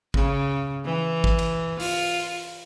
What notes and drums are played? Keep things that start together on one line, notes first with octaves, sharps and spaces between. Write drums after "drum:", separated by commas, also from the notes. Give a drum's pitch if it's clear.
C#3, drum: kick G#1
E3
drum: kick G#1
drum: cymbal
F4, drum: open hi-hat